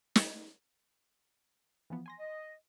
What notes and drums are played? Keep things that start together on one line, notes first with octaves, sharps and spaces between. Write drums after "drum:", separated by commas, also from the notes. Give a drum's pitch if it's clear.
drum: snare
E3 F3 B3
G#5 C6 A#6
D#5